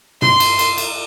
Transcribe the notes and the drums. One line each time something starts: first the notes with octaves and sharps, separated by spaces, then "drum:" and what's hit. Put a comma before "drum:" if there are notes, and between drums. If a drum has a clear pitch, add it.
C6, drum: tom
drum: cymbal
drum: cymbal
drum: cymbal